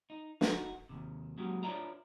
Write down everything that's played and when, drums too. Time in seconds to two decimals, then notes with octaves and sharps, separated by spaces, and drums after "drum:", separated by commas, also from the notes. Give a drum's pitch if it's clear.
0.10 D#4
0.41 D#4 F#4, drum: snare
0.89 D#2 C3
1.38 F#3 G#3 A#3 C#4 F#4 G4
1.63 D4 F4 C#5 D5 E5 A#5